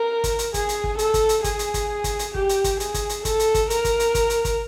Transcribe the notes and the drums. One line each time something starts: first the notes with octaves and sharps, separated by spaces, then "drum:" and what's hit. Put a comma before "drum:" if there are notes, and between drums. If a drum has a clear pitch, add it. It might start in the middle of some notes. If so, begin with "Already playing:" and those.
Already playing: A#4
drum: kick, hi-hat
drum: hi-hat
G#4, drum: kick, hi-hat
drum: hi-hat
drum: kick
A4, drum: hi-hat
drum: kick, hi-hat
drum: hi-hat
G#4, drum: kick, hi-hat
drum: hi-hat
drum: kick, hi-hat
drum: kick, hi-hat
drum: hi-hat
G4, drum: kick
drum: hi-hat
drum: kick, hi-hat
G#4, drum: hi-hat
drum: kick, hi-hat
drum: hi-hat
A4, drum: kick, hi-hat
drum: hi-hat
drum: kick, hi-hat
A#4, drum: hi-hat
drum: kick, hi-hat
drum: hi-hat
drum: kick, hi-hat
drum: hi-hat
drum: kick, hi-hat